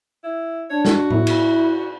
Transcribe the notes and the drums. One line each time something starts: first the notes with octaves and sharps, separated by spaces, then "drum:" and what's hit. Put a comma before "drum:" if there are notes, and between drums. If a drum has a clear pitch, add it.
E4
D4 C#5
F#4, drum: snare
E4, drum: tom A2
drum: cymbal